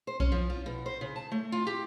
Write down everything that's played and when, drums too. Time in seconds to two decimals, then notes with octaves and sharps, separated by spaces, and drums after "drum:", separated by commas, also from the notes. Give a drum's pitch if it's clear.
0.07 C5
0.20 C#4, drum: kick B1
0.32 F3
0.50 F4
0.66 B2
0.86 C5
1.01 C#3
1.16 A5
1.32 A3
1.52 F4
1.67 G4